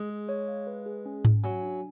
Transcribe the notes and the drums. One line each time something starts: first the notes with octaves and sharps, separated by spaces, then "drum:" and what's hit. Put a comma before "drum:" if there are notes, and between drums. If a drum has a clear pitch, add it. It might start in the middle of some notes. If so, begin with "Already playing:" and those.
Already playing: G#3
G#4
C#5
F5
B4
G#4
C#4
C#4, drum: tom G#2
F#3 G#5
D4